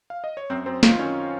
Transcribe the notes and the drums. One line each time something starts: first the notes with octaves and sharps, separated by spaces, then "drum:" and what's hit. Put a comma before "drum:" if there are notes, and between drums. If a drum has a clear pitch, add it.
F5
D#5
C#5
F#2 C4 C5
F#2 C4 C5
D#3 F4 F5, drum: snare
D#3 C#4 C#5